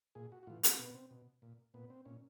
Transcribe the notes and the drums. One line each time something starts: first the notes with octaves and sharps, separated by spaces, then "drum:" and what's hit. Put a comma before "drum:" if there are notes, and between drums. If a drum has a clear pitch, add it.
A#2 G#4
F#4
F#4
A2 E3 F4
C4, drum: hi-hat
B2 B3
C4
B2
A#2
A#2 B3
C4
A#2 C#4